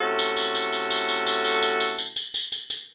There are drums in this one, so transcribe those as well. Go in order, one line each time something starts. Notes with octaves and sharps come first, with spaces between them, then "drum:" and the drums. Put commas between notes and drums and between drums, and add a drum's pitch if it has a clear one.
C3 A3 C#4 E4 F#4 A4
drum: tambourine
drum: tambourine
drum: tambourine
drum: tambourine
drum: tambourine
drum: tambourine
drum: tambourine
drum: tambourine
drum: tambourine
drum: tambourine
drum: tambourine
drum: tambourine
drum: tambourine
drum: tambourine
drum: tambourine